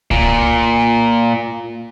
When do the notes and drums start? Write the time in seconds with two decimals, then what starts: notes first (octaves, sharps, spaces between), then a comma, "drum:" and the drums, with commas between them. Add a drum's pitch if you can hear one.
0.11 A#2, drum: kick C2